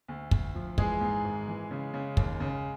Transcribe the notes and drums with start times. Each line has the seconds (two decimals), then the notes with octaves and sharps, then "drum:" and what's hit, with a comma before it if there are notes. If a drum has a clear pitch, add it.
0.08 D2
0.31 D2, drum: kick
0.55 F3
0.78 E3 G#3 G#4, drum: kick
1.01 G#2
1.24 G#1
1.48 E3
1.71 C#3
1.94 C#3
2.17 D#2, drum: kick
2.40 C#3